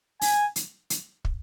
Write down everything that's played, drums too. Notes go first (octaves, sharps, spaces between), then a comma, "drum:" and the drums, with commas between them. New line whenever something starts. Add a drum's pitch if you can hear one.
G#5, drum: open hi-hat
drum: hi-hat
drum: hi-hat
drum: kick